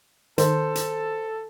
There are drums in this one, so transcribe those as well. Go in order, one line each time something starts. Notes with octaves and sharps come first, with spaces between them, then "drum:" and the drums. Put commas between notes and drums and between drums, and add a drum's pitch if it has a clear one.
D#3 A4 C5, drum: hi-hat
drum: hi-hat